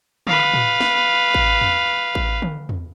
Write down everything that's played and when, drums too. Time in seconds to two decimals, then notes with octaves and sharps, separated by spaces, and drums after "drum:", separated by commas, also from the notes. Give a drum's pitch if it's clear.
0.27 B4 F5, drum: tom D3
0.54 drum: tom A2
0.81 drum: snare
1.34 drum: kick A1
1.61 drum: tom E2
2.15 drum: kick A1
2.42 drum: tom D3
2.69 drum: tom E2